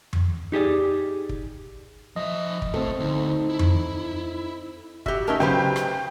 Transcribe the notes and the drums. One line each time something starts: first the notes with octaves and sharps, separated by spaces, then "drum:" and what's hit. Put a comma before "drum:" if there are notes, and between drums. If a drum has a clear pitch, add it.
drum: tom F2
D#4 G4 G#4 D5
drum: kick
F3 D#5 E5
drum: kick
A2 A3 C4 A4, drum: kick
D2 D#4
E4
drum: tom F2
F#4 G4 E5, drum: kick
A3 C#4 D#4 A#4 E5
C#3 F#3 G4 B4 C5 G5
drum: rim click